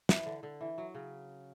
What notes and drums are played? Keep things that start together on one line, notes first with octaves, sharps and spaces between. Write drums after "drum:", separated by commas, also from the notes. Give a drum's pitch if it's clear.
E3, drum: snare
D3
D3
E3
F#3
C#3